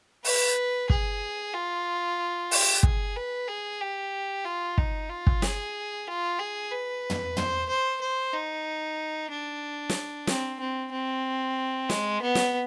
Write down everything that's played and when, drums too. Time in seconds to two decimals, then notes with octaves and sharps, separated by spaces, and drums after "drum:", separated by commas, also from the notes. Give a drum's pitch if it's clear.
0.24 B4, drum: open hi-hat
0.90 G#4, drum: kick
1.54 F4
2.51 G4, drum: open hi-hat
2.83 G#4, drum: kick
3.16 B4
3.48 G#4
3.81 G4
4.45 F4
4.78 D#4, drum: kick
5.09 F4
5.27 drum: kick
5.42 G#4, drum: snare
6.07 F4
6.39 G#4
6.72 B4
7.10 drum: tom
7.37 C5, drum: tom
7.69 C5
8.01 C5
8.33 D#4
9.31 D4
9.89 drum: snare
10.27 C4, drum: snare
10.60 C4
10.92 C4
11.90 G#3, drum: snare
12.22 B3
12.35 drum: snare